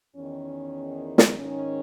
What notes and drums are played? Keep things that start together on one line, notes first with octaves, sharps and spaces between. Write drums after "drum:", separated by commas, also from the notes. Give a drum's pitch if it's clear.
E2 D#3 C#4
drum: snare
G#2 D#3 C#4